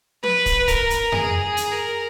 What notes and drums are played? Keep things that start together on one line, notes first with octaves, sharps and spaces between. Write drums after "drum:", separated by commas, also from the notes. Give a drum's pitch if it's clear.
B4, drum: tom
drum: kick, hi-hat
A#4, drum: kick, hi-hat
drum: hi-hat
G#4, drum: tom F2
G#4
drum: hi-hat
A#4